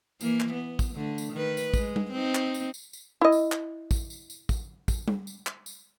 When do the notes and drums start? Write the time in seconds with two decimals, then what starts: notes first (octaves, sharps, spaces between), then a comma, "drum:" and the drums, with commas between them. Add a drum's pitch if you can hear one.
0.21 E3 A#3, drum: tambourine
0.40 drum: clap
0.53 B3
0.79 drum: kick, tambourine
0.95 D3 A3
1.18 drum: tambourine
1.33 D#3 B4
1.57 drum: tambourine
1.74 G#3, drum: kick, tambourine
1.96 drum: tom G3
2.11 C4 D#4
2.35 drum: clap
2.54 drum: tambourine
2.74 drum: tambourine
2.93 drum: tambourine
3.21 E4 D#5
3.32 drum: tambourine
3.52 drum: clap
3.91 drum: kick, tambourine
4.10 drum: tambourine
4.30 drum: tambourine
4.49 drum: kick, tambourine
4.88 drum: kick, tambourine
5.08 drum: tom G3
5.27 drum: tambourine
5.47 drum: clap
5.66 drum: tambourine